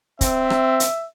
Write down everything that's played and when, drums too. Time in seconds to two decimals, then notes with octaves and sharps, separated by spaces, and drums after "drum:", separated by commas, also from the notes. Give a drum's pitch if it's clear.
0.21 C4 E5, drum: kick, hi-hat
0.50 drum: rim click
0.80 drum: hi-hat